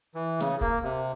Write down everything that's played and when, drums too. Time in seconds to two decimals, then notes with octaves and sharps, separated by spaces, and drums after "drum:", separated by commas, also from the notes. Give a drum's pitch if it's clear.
0.14 E3
0.40 C#3, drum: snare
0.61 A#3, drum: kick
0.84 C3